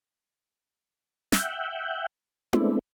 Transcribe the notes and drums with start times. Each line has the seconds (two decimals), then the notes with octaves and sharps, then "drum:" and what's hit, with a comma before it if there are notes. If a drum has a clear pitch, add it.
1.32 E5 F#5 G5, drum: snare
2.53 G#3 A3 B3 C4 D4 E4, drum: tom E4